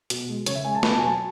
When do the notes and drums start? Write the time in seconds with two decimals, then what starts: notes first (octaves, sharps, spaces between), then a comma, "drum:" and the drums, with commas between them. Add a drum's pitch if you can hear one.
0.10 B2, drum: hi-hat
0.29 G#3
0.46 C#3 C#5, drum: hi-hat
0.55 E5
0.64 G#3 G#5
0.75 A5
0.83 B2 B5, drum: snare
0.92 A5
0.99 G#5
1.02 F#3
1.07 A5